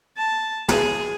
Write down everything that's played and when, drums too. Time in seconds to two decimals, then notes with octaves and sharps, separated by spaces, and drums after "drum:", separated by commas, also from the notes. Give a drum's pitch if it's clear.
0.17 A5
0.68 G#4, drum: snare